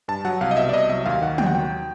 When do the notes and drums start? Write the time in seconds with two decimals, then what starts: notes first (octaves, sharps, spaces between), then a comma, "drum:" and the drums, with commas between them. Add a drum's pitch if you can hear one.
0.08 G2 A5
0.25 F#3 F#5
0.41 C2 F5
0.51 D#5
0.57 B2 E5
0.69 D5
0.74 C2 D#5
0.90 F#3 E5
1.06 D#2 F5
1.22 D#3 F#5
1.38 D#2 G5, drum: tom
1.46 F#5
1.54 F#3 G5